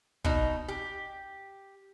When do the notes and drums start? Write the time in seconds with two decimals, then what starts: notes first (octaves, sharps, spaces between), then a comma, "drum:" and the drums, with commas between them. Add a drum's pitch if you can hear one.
0.24 B2 D#4, drum: kick
0.68 G4